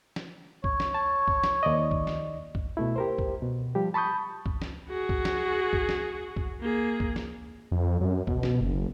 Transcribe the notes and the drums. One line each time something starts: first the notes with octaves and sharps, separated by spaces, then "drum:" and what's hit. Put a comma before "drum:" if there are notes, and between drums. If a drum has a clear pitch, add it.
drum: snare
C#5, drum: kick
drum: snare
A5
drum: kick
drum: snare
D#2 D5 D#5
drum: kick
drum: snare
drum: kick
B2 A3 E4
G4 A#4 C5
drum: kick
B2
F3 G3 G4
A5 B5 C#6 D#6 G6
drum: kick
drum: snare
F#4 G#4
drum: kick
drum: snare
drum: kick
drum: snare
drum: kick
A#3 G#4
drum: kick
drum: snare
F2
F#2
B2, drum: kick
drum: snare
F#1